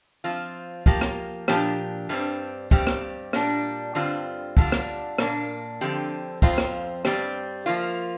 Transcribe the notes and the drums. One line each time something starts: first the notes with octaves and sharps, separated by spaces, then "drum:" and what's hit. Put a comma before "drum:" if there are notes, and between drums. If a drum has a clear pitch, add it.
F3 C4 F4
F3 A#3 G4, drum: kick
drum: rim click
A#2 F3 D4 G4, drum: rim click
G2 G3 C4
G2 G3 C4 G4, drum: kick
drum: rim click
A#2 G3 D4, drum: rim click
G2 D3 G3 C4 F4
D3 G3 D4 F4, drum: kick
drum: rim click
A#2 A#3 D4, drum: rim click
D3 F3 C4 G4
F2 F3 C4 F4, drum: kick
drum: rim click
G2 G3 C4 G4, drum: rim click
F3 A#3 F4